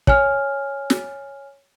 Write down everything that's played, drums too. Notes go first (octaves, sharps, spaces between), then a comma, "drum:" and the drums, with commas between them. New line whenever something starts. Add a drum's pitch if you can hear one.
C#5 G#5 F6, drum: kick
drum: snare